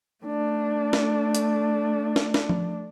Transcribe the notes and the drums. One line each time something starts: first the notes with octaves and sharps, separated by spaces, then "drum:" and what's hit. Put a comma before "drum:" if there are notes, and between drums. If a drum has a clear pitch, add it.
A3 D4
drum: snare
drum: hi-hat
drum: snare
drum: snare
drum: tom F3